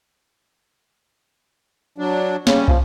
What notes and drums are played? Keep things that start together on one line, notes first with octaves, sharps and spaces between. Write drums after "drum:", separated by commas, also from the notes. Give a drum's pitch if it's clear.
F#3 D4
C#3 G3 C#4, drum: snare
F3, drum: kick